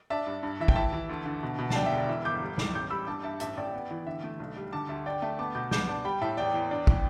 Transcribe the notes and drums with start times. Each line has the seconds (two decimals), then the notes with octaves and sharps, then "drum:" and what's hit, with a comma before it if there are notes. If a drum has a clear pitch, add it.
0.10 D4 E5 A5
0.27 G2
0.43 G2
0.60 E3 E5
0.68 G5, drum: kick
0.76 E3 E5 A5
0.93 E3
1.09 D2
1.25 D3
1.43 B2
1.58 B2
1.70 A5, drum: snare
1.75 D3 D5 G5
1.86 E5
1.92 E1
1.98 D5
2.08 E3 E5
2.25 G1 D6 G6
2.42 G3
2.58 A2, drum: snare
2.74 A1 D6 G6
2.90 G3 B5 E6
3.07 G2 A5 D6
3.23 G2 E5 A5
3.40 A1 E5 A5, drum: hi-hat
3.57 A1 D5 G5
3.73 B3
3.91 E3
4.06 D3 E5
4.23 A3
4.40 B1
4.57 G3
4.72 D3 A5 D6
4.89 D2 E5 A5
5.06 D3 D5 G5
5.22 A3 E5 A5
5.39 B3 A5 D6
5.55 B2 D6 G6
5.71 B3 D6 G6, drum: snare
5.88 D4 A5 D6
6.04 G3 G5 B5
6.21 A2 E5 A5
6.37 E2 D5 G5
6.54 E2
6.71 D4
6.87 E3, drum: kick